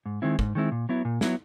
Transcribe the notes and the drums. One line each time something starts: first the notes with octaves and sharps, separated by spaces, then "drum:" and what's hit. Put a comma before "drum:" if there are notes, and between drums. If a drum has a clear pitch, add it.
G#2
D#3 G#3 C4 E4
G#2, drum: kick
D#3 G#3 C4 E4
A#2
F#3 B3 E4
A#2
F#3 B3 E4, drum: snare